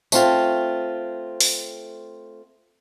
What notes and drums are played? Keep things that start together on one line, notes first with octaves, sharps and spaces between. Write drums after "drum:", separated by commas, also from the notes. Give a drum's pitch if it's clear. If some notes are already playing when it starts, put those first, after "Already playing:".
A3 C4 F4, drum: tambourine
drum: open hi-hat